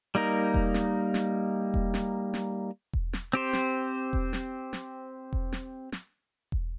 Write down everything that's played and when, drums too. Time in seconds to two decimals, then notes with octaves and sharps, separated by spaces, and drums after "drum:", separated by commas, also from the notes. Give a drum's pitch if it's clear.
0.15 G3 A#3 D#4 A#4
0.54 drum: kick E1
0.74 drum: snare
1.14 drum: snare
1.74 drum: kick E1
1.94 drum: snare
2.34 drum: snare
2.93 drum: kick E1
3.13 drum: snare
3.33 C4 G4 C5
3.53 drum: snare
4.13 drum: kick E1
4.33 drum: snare
4.73 drum: snare
5.33 drum: kick E1
5.52 drum: snare
5.92 drum: snare
6.52 drum: kick E1